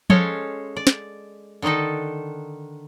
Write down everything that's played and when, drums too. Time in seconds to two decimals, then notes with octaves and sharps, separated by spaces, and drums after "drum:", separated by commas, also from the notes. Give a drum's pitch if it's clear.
0.10 G#3 C#4 A4 C5 C#5 F5, drum: tom F3
0.76 D5
0.87 drum: snare
1.62 D3 D#3 D4 D#4 A4